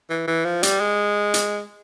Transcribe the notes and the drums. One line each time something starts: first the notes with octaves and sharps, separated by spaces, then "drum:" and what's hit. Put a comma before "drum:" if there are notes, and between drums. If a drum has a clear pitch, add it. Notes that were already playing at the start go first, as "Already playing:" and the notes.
E3
E3
F3
G3, drum: hi-hat
G#3
drum: hi-hat